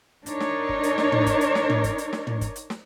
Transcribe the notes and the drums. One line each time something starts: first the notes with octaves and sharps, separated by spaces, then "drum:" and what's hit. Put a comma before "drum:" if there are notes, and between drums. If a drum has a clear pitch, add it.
D4 D#4 A#4 C#5, drum: hi-hat
drum: snare
drum: kick G1
drum: hi-hat
drum: snare
drum: tom
drum: kick G1, hi-hat
drum: hi-hat
drum: snare
drum: tom
drum: kick G1, hi-hat
drum: hi-hat
drum: snare
drum: tom
drum: kick G1, hi-hat
drum: hi-hat
drum: snare